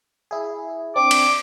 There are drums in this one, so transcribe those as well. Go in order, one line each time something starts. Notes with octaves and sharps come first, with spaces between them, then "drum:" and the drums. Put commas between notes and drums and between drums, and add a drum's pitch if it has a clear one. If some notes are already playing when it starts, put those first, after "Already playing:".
E4 G#4
C4 D4 D6
drum: cymbal